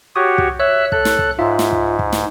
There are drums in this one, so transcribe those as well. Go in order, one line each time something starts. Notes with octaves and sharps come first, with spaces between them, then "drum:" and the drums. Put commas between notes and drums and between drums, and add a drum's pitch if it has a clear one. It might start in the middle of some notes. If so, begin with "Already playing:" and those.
F#4 G4 C#5 D#6
drum: kick
C#5 E5 E6 F#6
A4 F#6, drum: kick
drum: snare
drum: kick
G#2 F4 E5
drum: snare
drum: kick
drum: kick
drum: snare